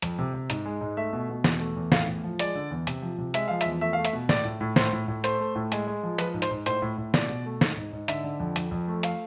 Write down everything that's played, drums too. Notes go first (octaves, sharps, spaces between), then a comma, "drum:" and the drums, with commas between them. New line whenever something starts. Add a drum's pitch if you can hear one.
F2, drum: hi-hat
C3
C3
G#2, drum: hi-hat
G#3
G#2
A3 E5
B2
B2
E2, drum: snare
A3
E2
A2 F5, drum: snare
A2
F3
G#3 D5, drum: hi-hat
D3
E2
C3, drum: hi-hat
F3
C3
G#3 E5, drum: hi-hat
F3 F5
E5, drum: hi-hat
E2
A3 E5
A3 F5
E5, drum: hi-hat
B2
A2 D5, drum: snare
A2
A2
A2 C5, drum: snare
A2
A2
A3 C5, drum: hi-hat
A3
A2
G#3, drum: hi-hat
G#3
F3
F3 B4, drum: hi-hat
G#2
C5, drum: hi-hat
G#2
A2 C5, drum: hi-hat
A2
A2
B2 D5, drum: snare
B2
A3
G#2, drum: snare
G#2
G#2
D3 E5, drum: hi-hat
D3
F2
F2, drum: hi-hat
F2
A3
F5, drum: hi-hat